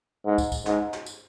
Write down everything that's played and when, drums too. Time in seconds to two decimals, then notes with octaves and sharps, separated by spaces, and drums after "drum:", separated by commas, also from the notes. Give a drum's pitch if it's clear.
0.25 G#2
0.38 drum: kick, tambourine
0.52 drum: kick, tambourine
0.66 G#2, drum: snare
0.93 drum: snare
1.06 drum: tambourine